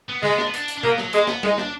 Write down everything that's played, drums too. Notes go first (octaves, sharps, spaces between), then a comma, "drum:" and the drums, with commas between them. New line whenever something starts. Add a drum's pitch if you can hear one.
B3
G#3 B3, drum: tom C#3
D4, drum: snare
B3
D4, drum: hi-hat
drum: hi-hat
D4
A#3 B3, drum: tom B2
F#3, drum: snare
G#3 A#3, drum: hi-hat
B3, drum: snare
G#3 D#4, drum: tom G3
D4, drum: snare